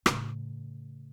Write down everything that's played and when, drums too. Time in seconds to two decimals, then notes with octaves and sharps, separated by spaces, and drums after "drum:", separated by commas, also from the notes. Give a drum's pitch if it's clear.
0.06 A2 C#3, drum: rim click